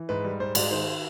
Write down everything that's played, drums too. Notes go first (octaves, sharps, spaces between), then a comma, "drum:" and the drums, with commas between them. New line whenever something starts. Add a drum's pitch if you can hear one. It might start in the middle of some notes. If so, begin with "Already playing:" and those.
Already playing: E3
G#2 B4
G3
G#2 C5
G#2 D5, drum: cymbal
D#3 C5